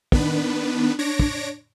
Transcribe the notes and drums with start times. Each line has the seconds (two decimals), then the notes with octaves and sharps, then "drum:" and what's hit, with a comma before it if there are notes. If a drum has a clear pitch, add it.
0.12 D#3 B3 D4 B4, drum: kick
0.99 D4 C#5 A#6 D7
1.19 drum: kick